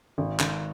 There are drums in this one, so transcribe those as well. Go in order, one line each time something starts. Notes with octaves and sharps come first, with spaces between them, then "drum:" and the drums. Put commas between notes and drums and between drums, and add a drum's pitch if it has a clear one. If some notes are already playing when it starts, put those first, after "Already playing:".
G#1
G#1, drum: clap